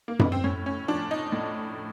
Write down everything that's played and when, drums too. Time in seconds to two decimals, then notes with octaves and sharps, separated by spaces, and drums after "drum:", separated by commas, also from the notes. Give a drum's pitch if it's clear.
0.08 A#3
0.19 B3, drum: tom F#2
0.32 C4
0.44 A2 C#4
0.66 C#4
0.88 F3 D4
1.11 D#4
1.32 A2